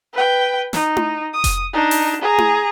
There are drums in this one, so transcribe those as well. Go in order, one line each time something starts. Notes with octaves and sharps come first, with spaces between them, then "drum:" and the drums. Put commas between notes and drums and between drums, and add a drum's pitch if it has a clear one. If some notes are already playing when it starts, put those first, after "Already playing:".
B4 G5
D#4, drum: snare
drum: tom E4
D#6
drum: kick F1, hi-hat
D4 D#4
drum: open hi-hat
G#4 A#5
drum: tom E4